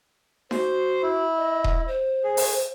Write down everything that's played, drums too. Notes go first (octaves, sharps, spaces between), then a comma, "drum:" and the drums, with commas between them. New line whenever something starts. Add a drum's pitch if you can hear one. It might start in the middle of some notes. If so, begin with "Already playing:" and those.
F#4 C5, drum: snare D#4
E4
D#5
drum: kick D#1
C5
G#4
drum: open hi-hat